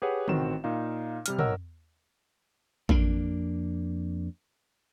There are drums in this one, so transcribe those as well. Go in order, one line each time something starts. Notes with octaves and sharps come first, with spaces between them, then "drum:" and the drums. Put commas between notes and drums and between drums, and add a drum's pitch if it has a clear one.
G4 G#4 B4 C#5 F#5
A1 D#3 C4 F#4 E7, drum: tom
A#2 D#4 F5
C3 G3 F6, drum: hi-hat
B1 A#4 C#5 D#5 F#5 E6, drum: tom
F2 A#3 D4, drum: kick A1